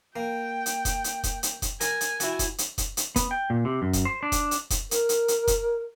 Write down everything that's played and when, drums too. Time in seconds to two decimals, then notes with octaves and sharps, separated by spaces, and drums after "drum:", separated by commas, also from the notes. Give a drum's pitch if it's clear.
0.16 A#3 G5
0.66 drum: hi-hat
0.85 drum: kick F1, hi-hat
1.04 drum: hi-hat
1.24 drum: kick F1, hi-hat
1.43 drum: hi-hat
1.62 drum: kick F1, hi-hat
1.81 A#4 G#5, drum: hi-hat
2.01 drum: hi-hat
2.20 E4 F#4 F#5, drum: hi-hat
2.39 drum: kick F1, hi-hat
2.58 drum: hi-hat
2.78 drum: kick F1, hi-hat
2.97 drum: hi-hat
3.16 B3, drum: kick F1, hi-hat
3.31 G5
3.50 A#2
3.65 C3
3.82 F#2
3.93 drum: kick F1, hi-hat
4.05 C5
4.23 D4
4.32 drum: kick F1, hi-hat
4.51 drum: hi-hat
4.70 drum: kick F1, hi-hat
4.91 A#4, drum: hi-hat
5.09 drum: hi-hat
5.28 drum: hi-hat
5.47 drum: kick F1, hi-hat